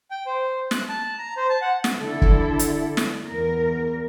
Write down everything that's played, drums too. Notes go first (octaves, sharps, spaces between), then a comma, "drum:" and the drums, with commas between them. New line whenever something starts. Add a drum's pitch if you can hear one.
G5
C5
F#6, drum: snare
A5
A#5
C5
A5
F#5
drum: snare
D3 E4 A4
drum: kick
drum: hi-hat
drum: snare
E2 A#4